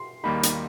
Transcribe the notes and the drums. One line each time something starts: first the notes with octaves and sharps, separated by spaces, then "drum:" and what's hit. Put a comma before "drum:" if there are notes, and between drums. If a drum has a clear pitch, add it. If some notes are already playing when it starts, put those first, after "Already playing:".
Already playing: C6
D#2 D#3 G3 A#3 D#4 B5
drum: hi-hat